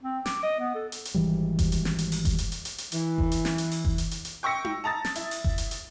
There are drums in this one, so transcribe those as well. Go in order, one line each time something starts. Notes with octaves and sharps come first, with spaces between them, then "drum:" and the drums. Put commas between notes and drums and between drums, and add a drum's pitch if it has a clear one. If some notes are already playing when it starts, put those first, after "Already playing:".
C4
D6, drum: snare
D#5
B3
A4
drum: hi-hat
drum: hi-hat
G#1 G#2 E3 G3
drum: kick F#1, hi-hat
drum: hi-hat
drum: snare
drum: hi-hat
drum: open hi-hat
drum: kick F#1, hi-hat
drum: hi-hat
drum: hi-hat
drum: hi-hat
drum: hi-hat
E3, drum: hi-hat
drum: kick F#1
drum: hi-hat
drum: snare
drum: hi-hat
drum: open hi-hat
drum: kick F#1
drum: hi-hat
drum: hi-hat
drum: hi-hat
G5 C#6 E6 A#6 C#7
drum: tom D#4
A5 A#5 D#6 A6
drum: snare
E4, drum: hi-hat
drum: open hi-hat
drum: kick F#1
drum: hi-hat
drum: hi-hat